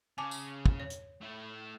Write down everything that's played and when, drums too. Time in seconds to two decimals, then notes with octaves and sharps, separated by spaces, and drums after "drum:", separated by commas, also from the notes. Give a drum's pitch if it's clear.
0.18 C#3 C#4 G#5 A5 D6
0.31 drum: tambourine
0.66 drum: kick
0.80 C#5
0.90 drum: hi-hat
1.21 A3 E4